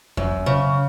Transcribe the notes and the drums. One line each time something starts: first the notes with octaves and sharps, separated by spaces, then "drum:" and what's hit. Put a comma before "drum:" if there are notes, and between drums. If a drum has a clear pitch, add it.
F#2, drum: kick F2
C#3